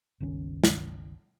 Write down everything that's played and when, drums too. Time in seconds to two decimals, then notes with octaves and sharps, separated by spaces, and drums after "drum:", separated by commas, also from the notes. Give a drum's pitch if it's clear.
0.20 G1 C#2 D#3 C#4
0.64 drum: snare